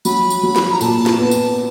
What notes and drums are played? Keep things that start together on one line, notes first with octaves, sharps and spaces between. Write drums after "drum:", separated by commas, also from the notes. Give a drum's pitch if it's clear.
F#3 B5, drum: tambourine
drum: tambourine
F#3
drum: snare
A#5
A#2 A5, drum: tambourine
drum: snare
B3
drum: tambourine